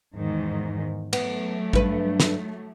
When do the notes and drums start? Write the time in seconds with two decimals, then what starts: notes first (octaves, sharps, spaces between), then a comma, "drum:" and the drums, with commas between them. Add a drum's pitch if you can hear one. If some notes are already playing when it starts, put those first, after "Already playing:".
0.17 E2 G#2 D#3
1.13 F#3 A3 B3, drum: cymbal
1.73 G2 B4, drum: kick A1
2.20 drum: snare